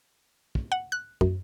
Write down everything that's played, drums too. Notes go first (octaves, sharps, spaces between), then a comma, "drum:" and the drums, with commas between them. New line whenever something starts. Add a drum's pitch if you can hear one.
drum: kick
F#5
F#6
F#2, drum: kick